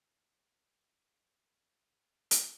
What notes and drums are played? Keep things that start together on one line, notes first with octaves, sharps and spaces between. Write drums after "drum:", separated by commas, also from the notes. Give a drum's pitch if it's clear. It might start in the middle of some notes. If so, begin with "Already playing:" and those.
D#3
E3
D3
C#3
C3
A#2
A2
drum: hi-hat